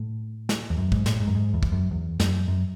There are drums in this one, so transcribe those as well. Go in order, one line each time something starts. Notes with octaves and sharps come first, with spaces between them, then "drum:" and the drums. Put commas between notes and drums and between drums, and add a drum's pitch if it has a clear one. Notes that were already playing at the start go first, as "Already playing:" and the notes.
Already playing: A2
drum: snare
E2
F#2
G#2, drum: kick
A2, drum: snare
G#2
F#2
G#2
E2
drum: kick
F#2
E2
F#2, drum: snare
F#2